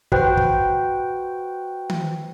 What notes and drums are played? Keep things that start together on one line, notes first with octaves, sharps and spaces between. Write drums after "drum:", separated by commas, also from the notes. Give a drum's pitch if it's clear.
F#4 B4 C5 G5, drum: kick
drum: kick
drum: tom D#3